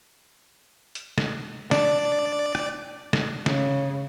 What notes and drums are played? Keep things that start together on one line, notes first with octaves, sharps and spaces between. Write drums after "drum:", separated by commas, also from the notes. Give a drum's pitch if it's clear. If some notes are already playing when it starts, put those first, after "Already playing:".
drum: hi-hat
drum: snare
D4 D5, drum: snare
drum: rim click
drum: snare
C#3, drum: snare